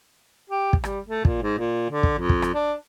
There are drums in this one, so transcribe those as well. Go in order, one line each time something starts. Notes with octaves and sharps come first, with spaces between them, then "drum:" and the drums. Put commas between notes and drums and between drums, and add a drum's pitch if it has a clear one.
G4
drum: kick
G3, drum: rim click
A3
A#2, drum: kick
G#2
A#2
D3
drum: kick
F2
drum: kick
drum: rim click
D4